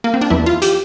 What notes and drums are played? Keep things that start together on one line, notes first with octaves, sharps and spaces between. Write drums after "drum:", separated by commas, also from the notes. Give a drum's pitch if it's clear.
A#3
C4
D4
E2 E3 E4, drum: tom F3
F4
G4, drum: hi-hat